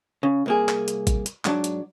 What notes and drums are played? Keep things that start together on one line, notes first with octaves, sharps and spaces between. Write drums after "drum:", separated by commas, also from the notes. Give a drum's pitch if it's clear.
C#3
C2 A#3 G#4
drum: clap
drum: hi-hat
drum: kick, hi-hat
drum: hi-hat
G#2 F#3 D4, drum: clap
drum: hi-hat